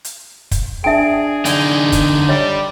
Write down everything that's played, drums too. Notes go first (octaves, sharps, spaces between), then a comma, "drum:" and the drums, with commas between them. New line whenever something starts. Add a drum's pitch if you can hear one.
drum: hi-hat
drum: kick, hi-hat
D4 G#4 E5 G5 D7
D3 D#4 D5 G#5, drum: hi-hat
drum: kick, hi-hat
G3 C#5 D#5